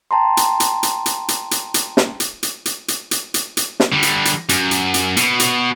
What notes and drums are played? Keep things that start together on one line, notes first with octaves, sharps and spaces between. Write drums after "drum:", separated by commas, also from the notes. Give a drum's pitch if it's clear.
G5 A5 A#5 C6
drum: hi-hat
drum: hi-hat
drum: hi-hat
drum: hi-hat
drum: hi-hat
drum: hi-hat
drum: hi-hat
drum: snare
drum: hi-hat
drum: hi-hat
drum: hi-hat
drum: hi-hat
drum: hi-hat
drum: hi-hat
drum: hi-hat
drum: snare
D3 G3
drum: hi-hat
drum: hi-hat
F#2, drum: hi-hat
drum: hi-hat
drum: hi-hat
B2, drum: hi-hat
drum: hi-hat